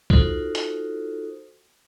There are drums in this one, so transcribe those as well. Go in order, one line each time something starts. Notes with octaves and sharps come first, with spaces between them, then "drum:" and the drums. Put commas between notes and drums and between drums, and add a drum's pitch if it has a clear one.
D#4 F4 F#4 A4 A#4 C5, drum: kick C2
drum: hi-hat